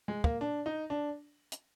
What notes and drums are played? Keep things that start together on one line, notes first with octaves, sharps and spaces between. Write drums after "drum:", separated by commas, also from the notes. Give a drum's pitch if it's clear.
G#3
A#3, drum: kick
D4
D#4
D4
drum: hi-hat